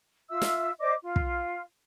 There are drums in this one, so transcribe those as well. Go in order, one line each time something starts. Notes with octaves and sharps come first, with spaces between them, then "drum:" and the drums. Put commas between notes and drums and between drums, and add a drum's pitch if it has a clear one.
F4 E5 E6
drum: snare
C5 D5 D#5 D6
F4
drum: kick